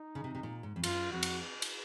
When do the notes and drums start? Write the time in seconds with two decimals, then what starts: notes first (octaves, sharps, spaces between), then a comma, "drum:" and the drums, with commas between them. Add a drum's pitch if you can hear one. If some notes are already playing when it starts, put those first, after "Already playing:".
Already playing: D#4
0.15 C#3
0.24 C3
0.35 C3
0.43 A#2
0.63 G#2
0.76 F2
0.84 F#2 F4, drum: cymbal
1.12 F2 F#4
1.23 drum: cymbal
1.62 drum: cymbal